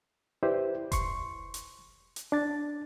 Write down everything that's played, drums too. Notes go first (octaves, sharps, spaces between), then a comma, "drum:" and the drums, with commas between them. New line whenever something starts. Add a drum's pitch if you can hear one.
E4 G4 B4 C5 D5
C6 C#6, drum: kick F1, hi-hat
drum: hi-hat
drum: hi-hat
D4 A6